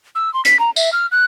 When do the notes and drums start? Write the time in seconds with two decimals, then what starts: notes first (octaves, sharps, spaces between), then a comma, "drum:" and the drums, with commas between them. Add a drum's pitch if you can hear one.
0.15 E6
0.34 C6
0.45 B6, drum: hi-hat
0.59 A#5
0.76 E5, drum: tambourine
0.93 F6
1.12 F#6